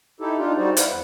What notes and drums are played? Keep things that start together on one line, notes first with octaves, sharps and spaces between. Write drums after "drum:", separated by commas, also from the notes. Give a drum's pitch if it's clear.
D#4 E4 G4 A4
D4 D#4 F4 G4
G3 D#4 F#4 G#4 C5 D5
E4 B4 C5 F5 F#5, drum: hi-hat
E2 B4 F#5